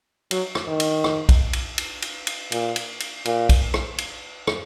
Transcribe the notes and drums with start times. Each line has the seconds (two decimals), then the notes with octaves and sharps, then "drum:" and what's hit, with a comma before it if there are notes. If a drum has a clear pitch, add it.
0.31 F#3, drum: cymbal
0.55 drum: rim click
0.67 D#3
0.80 drum: cymbal
1.04 drum: rim click
1.29 drum: kick, cymbal
1.53 drum: cymbal
1.78 drum: cymbal
2.02 drum: cymbal
2.27 drum: cymbal
2.52 A#2, drum: cymbal
2.76 drum: cymbal
3.00 drum: cymbal
3.25 A#2, drum: cymbal
3.49 drum: kick, cymbal
3.74 drum: rim click
3.98 drum: cymbal
4.47 drum: rim click